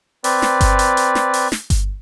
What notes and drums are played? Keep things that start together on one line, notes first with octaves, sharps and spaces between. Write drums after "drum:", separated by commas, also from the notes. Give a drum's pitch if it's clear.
C4 B4 D5, drum: open hi-hat
drum: snare
drum: kick G1, hi-hat
drum: hi-hat
drum: hi-hat
drum: snare
drum: open hi-hat
drum: snare
drum: kick G1, hi-hat